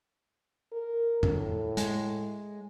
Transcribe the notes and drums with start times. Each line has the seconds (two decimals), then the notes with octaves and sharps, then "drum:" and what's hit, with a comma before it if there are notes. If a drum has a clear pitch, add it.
0.73 A#4
1.23 A2, drum: tom F#2
1.77 G#3, drum: hi-hat